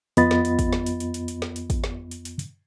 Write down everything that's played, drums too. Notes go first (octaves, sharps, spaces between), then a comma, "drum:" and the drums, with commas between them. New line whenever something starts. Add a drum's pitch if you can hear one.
F2 B3 F4 D#5 B5 A6, drum: hi-hat
drum: snare
drum: hi-hat
drum: kick, hi-hat
drum: snare
drum: hi-hat
drum: hi-hat
drum: hi-hat
drum: hi-hat
drum: snare
drum: hi-hat
drum: kick, hi-hat
drum: snare
drum: hi-hat
drum: hi-hat
drum: hi-hat